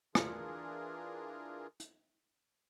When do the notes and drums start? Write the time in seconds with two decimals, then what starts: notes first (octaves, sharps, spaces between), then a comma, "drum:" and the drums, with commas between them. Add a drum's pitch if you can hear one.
0.15 E3 D4 F4 G#4 A#4, drum: rim click
1.80 drum: hi-hat